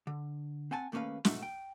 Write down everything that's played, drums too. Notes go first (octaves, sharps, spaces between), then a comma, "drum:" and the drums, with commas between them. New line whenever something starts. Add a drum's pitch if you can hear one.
D3
C4 F#5 G#5 A5
D#2 A3 A#3 C#4 B4 F5
G#2 B2 A3 F#4 E5, drum: snare
G5